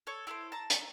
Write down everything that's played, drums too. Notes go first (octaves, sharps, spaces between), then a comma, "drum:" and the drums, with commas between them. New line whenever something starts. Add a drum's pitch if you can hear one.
A4 C#5
E4 G#4 A4 C5
A5 A#5
drum: hi-hat